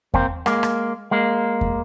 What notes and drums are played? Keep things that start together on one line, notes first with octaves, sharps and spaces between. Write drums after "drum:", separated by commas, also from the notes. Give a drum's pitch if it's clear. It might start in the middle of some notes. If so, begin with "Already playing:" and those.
A#3 C4, drum: kick E2
G#3 A#3, drum: rim click
drum: rim click
G#3 A#3
drum: kick E2